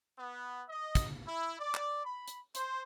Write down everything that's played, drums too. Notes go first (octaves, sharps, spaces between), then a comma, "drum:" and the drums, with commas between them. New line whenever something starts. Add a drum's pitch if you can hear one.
B3
D#5
drum: kick, hi-hat
E4
D5
drum: clap
B5
drum: hi-hat
C5, drum: hi-hat